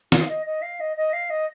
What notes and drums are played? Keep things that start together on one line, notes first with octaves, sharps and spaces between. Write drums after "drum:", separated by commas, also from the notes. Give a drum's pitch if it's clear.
F4, drum: snare
F5
D#5
D#5
F5
D#5
D#5
F5
D#5